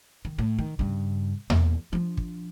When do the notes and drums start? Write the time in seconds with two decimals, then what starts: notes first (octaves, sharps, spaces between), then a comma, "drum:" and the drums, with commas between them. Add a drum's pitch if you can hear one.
0.25 D#3
0.39 A2
0.59 D#3
0.79 G2 C#3
1.50 E2 A#3, drum: tom E2
1.93 F3 D4
2.17 drum: kick